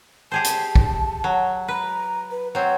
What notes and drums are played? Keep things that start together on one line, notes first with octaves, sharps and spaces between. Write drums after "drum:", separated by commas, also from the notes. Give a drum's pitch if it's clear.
G4 G#4 C5 A5
drum: hi-hat
drum: kick B1
F#3
B4 A#5
B4
F#3 C4 C#5